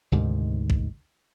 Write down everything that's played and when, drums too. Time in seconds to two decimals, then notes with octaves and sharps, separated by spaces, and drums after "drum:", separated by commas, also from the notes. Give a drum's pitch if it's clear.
0.12 D2 G#2 C3 D#3
0.70 drum: kick A1